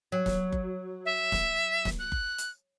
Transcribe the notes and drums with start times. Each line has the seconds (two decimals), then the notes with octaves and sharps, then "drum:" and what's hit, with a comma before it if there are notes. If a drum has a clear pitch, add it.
0.12 F#3
0.26 drum: snare
0.52 drum: kick F#1
1.06 E5
1.32 drum: snare
1.85 drum: snare
1.99 F#6
2.12 drum: kick F#1
2.38 drum: hi-hat